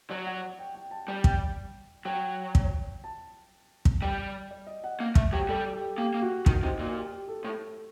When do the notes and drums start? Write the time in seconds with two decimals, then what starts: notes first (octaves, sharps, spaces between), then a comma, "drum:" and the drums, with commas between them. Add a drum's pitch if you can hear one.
0.10 F#3 D5
0.27 F#5
0.59 G5
0.75 G5
0.91 A5
1.08 G3 G5
1.24 drum: kick
2.05 F#3 G5
2.55 drum: kick
3.04 A5
3.85 drum: kick
4.02 G3 G5
4.51 D5
4.67 D#5
4.84 F#5
5.00 A#3
5.15 A3, drum: kick
5.32 F#3 G4
5.49 G3 A4
5.73 G4
5.98 A#3 G4
6.14 A#3
6.22 F#4
6.46 D#3 F#4, drum: kick
6.63 C3 D#4
6.79 A#2 F#4
6.96 G4
7.12 G4
7.28 A4
7.44 A2